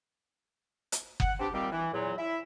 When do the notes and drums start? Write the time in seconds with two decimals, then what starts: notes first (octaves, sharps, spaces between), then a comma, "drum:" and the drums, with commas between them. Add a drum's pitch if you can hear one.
0.92 drum: hi-hat
1.20 F#5, drum: kick F#1
1.40 B3 C4 D4 G4
1.54 A#2 D#3 G3 C4 G4
1.71 E3
1.93 E2 A#2 F#3
2.18 E4 E5